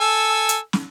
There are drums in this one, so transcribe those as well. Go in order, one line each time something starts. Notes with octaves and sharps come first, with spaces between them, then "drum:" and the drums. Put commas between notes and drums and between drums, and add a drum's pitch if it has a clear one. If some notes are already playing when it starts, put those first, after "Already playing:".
A4 G#5 E6
drum: hi-hat
drum: snare